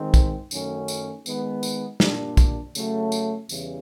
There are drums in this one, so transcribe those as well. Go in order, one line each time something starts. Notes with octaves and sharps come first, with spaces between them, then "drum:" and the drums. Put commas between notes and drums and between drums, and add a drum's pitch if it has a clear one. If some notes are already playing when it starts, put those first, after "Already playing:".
Already playing: D#3 G#3 C4
drum: kick, tambourine
F#2 D#3 F#3 A3 C#4, drum: tambourine
drum: tambourine
D#3 G#3 B3, drum: tambourine
drum: tambourine
A#2 G3 A#3 D4, drum: snare
drum: kick, tambourine
C#3 F#3 A3, drum: tambourine
drum: tambourine
E2 C#3 E3 G3, drum: tambourine